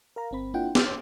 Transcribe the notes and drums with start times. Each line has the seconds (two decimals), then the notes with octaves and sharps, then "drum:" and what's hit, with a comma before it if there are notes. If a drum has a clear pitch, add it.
0.16 A#4 F5 A#5
0.31 G1 C4 B5
0.54 A#3 D4 E4 F4 F#5 G5
0.75 C6 D6 E6 F6 G6 A6, drum: snare